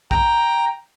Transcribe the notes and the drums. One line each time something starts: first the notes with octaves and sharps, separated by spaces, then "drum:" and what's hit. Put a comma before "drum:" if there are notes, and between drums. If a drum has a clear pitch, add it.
G5 A#5, drum: kick A#1